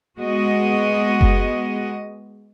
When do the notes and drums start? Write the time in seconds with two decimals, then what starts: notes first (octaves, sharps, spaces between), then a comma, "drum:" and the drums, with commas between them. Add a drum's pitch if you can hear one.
0.18 G#3 B3 F#4 D#5
1.21 drum: kick F#1